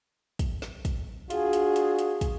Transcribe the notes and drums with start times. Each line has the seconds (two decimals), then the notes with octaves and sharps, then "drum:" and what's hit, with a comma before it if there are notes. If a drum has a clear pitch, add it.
0.39 drum: kick, hi-hat
0.62 drum: snare
0.85 drum: kick, hi-hat
1.30 D4 F4 F#4 G#4, drum: hi-hat
1.53 drum: hi-hat
1.76 drum: hi-hat
1.99 drum: hi-hat
2.21 drum: kick, hi-hat